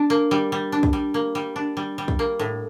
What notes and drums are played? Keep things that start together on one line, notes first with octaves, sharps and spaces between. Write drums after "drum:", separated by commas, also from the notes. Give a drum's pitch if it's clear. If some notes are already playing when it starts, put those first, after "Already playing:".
Already playing: D4
A#3
G3
G3
D4
drum: kick
G3
A#3
G3
D4
G3
G3
drum: kick
A#3
A2